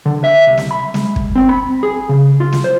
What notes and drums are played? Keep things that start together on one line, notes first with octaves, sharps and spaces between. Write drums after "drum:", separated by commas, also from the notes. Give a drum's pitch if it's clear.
D3
E5
C2
drum: snare
B5
G#3, drum: snare
drum: kick
C4
B5
G#4
C#3
F4
drum: snare
C5